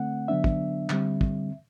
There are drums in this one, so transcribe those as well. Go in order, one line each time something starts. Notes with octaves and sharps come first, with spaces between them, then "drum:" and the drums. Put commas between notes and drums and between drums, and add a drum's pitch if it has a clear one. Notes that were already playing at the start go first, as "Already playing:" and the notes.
Already playing: D3 A3 C4 F#5
D3 F#3 B3 D4 E5
drum: kick
D3 G3 C4, drum: clap
drum: kick